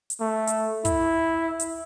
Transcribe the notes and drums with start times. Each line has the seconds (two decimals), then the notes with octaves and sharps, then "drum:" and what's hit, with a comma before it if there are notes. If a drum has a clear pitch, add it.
0.10 drum: hi-hat
0.21 A3
0.47 drum: hi-hat
0.85 E4, drum: kick, hi-hat
1.60 drum: hi-hat